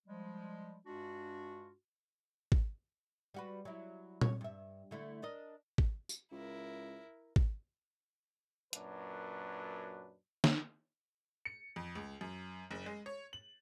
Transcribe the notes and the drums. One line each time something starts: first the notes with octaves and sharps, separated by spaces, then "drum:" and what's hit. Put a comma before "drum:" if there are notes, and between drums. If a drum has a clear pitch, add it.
F3 G3 G#3
G2 G#3 D4 F4 F#4
drum: kick
G3 F#4 B4
F#3 E4
C#5, drum: tom A#2
G2 E5
D3 A3 E4
D4 A#4 D#5
drum: kick
drum: tambourine
C#2 E4 A#4
drum: kick
F#2 A#2 F#3 D4 B4, drum: hi-hat
drum: snare
C#7
F2
C#2
F#2
F#1
G#3
C#5
F#7